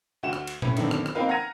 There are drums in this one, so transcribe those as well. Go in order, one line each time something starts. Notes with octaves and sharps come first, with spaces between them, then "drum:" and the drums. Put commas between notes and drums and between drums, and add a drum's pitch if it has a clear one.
D2 F#4 E7
drum: rim click
drum: cymbal
A2 C#4 B4, drum: tom A#2
F#2 D3 D#3 B3 C4 D4, drum: cymbal
drum: rim click
drum: rim click
A#3 C4 D#4 A#4 B4 F5
F#5 A#5 F6 G#6 A#6 D#7